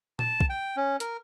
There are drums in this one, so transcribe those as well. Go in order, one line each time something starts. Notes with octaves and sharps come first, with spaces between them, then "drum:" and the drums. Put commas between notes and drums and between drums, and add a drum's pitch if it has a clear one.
A5, drum: tom A#2
drum: kick
G5
C#4
A#4, drum: hi-hat